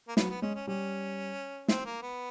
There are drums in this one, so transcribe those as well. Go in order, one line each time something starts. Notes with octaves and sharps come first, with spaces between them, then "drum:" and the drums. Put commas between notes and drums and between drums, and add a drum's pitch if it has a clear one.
A#3
F#3 B3, drum: snare
B3
G#3 C#4
C#4
G3 C#4
C4, drum: snare
A#3
B3